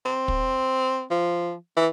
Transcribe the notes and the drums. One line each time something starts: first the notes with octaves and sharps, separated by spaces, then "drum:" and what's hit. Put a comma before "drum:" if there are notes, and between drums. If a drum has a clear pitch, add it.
C4
drum: kick
F3
E3